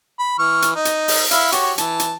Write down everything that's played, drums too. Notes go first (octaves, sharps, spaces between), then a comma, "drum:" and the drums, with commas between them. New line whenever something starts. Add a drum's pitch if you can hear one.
B5
E3 C#6 F6
drum: hi-hat
D#4
drum: hi-hat
drum: open hi-hat
E4 E5 F5, drum: hi-hat
F#4 G4 C#5, drum: hi-hat
E3 A5, drum: hi-hat
drum: hi-hat